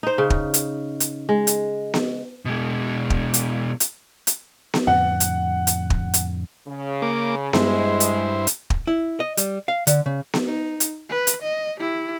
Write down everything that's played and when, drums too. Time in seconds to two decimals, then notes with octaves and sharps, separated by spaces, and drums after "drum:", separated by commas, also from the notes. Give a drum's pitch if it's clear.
0.03 D#4 C5
0.18 C#3
0.30 drum: kick
0.54 drum: hi-hat
1.00 drum: hi-hat
1.29 G#3
1.47 drum: hi-hat
1.94 drum: snare B3
2.45 B2 G#3
3.10 drum: kick
3.34 drum: hi-hat
3.80 drum: hi-hat
4.27 drum: hi-hat
4.74 drum: snare B3
4.87 F2 A2 D3 F#5
5.20 drum: hi-hat
5.67 drum: hi-hat
5.90 drum: kick
6.14 drum: hi-hat
6.67 C#3
7.02 A#3 D6
7.53 G2 G#3 E4 C5, drum: snare B3
8.00 drum: hi-hat
8.47 drum: hi-hat
8.70 drum: kick
8.87 E4
9.20 D#5
9.37 G3, drum: hi-hat
9.68 F5
9.87 D3, drum: hi-hat
10.06 C#3
10.34 drum: snare B3
10.46 D#4
10.80 drum: hi-hat
11.09 B4
11.27 drum: hi-hat
11.43 D#5
11.79 E4 G4